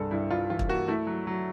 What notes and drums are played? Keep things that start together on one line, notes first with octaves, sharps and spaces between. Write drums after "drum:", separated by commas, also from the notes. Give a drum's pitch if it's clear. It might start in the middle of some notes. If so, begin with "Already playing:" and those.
Already playing: C2 G2 G3 G#4 A4
G2 E4
G2 F4
E3 F4
drum: kick
A#3 F#4
A3 E4
F#3
F#3